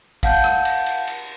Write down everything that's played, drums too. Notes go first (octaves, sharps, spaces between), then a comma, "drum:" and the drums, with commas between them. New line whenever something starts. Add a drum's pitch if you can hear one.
F5 F#5 A5 G6, drum: kick, cymbal
drum: rim click
drum: cymbal
drum: cymbal
drum: cymbal